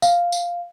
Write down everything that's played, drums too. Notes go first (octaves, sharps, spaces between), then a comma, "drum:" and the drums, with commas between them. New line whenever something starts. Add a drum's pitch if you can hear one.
F5, drum: tambourine
drum: tambourine